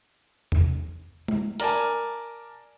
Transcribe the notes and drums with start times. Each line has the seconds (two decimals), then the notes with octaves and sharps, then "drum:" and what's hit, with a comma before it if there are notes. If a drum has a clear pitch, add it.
0.52 drum: tom E2
1.28 drum: tom G#3
1.60 A#4 D5 G#5 A5, drum: hi-hat